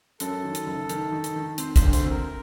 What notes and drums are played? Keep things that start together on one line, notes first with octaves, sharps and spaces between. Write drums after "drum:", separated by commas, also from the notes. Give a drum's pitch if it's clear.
F#2 A4, drum: hi-hat
D#3
drum: hi-hat
F#1
D#3, drum: hi-hat
D#3
drum: hi-hat
D#3
C4 C5, drum: hi-hat
C5, drum: kick, hi-hat
D2
C5, drum: hi-hat
C4
A#4